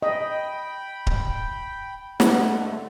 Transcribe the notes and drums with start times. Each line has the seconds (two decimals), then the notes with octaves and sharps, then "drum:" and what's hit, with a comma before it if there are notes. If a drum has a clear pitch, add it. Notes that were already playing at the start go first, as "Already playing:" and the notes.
0.02 D#5 G5 B5
1.07 drum: kick D1
2.20 G2 D3 G#3 A3 F#5, drum: snare